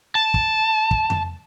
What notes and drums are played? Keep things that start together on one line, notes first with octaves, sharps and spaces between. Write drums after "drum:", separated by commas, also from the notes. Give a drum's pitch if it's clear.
A5
drum: kick
drum: kick
drum: tom F2